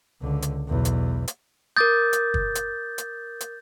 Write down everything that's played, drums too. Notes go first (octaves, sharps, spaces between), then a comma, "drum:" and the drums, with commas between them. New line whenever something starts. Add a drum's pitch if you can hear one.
C#2 D3
drum: hi-hat
B1 E2
drum: hi-hat
drum: hi-hat
A#4 D6 D#6 G6 A6
drum: hi-hat
drum: kick
drum: hi-hat
drum: hi-hat
drum: hi-hat